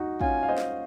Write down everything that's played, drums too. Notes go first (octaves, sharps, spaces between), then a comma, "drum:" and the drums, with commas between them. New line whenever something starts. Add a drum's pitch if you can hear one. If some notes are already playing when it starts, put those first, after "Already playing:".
Already playing: D#4 F#4
C#4 F4 G#5, drum: kick
F5
C5 D#5
drum: snare